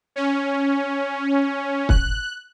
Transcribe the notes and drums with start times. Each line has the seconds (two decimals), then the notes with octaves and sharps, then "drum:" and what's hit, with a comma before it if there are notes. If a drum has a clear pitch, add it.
0.16 C#4
1.89 F#6, drum: kick